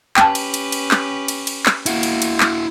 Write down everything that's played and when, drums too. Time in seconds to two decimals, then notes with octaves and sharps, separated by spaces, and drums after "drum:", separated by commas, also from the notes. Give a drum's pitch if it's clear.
0.16 C#4 G4 B4 G5 A5, drum: clap
0.35 drum: cymbal
0.54 drum: cymbal
0.72 drum: cymbal
0.91 drum: clap
1.28 drum: cymbal
1.47 drum: cymbal
1.66 drum: clap
1.86 A#3 E4 F#4, drum: cymbal
2.03 drum: cymbal
2.22 drum: cymbal
2.40 drum: clap